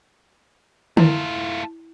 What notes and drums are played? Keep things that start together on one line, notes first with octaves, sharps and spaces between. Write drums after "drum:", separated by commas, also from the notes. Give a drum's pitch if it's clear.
A3 E4 F4, drum: tom D3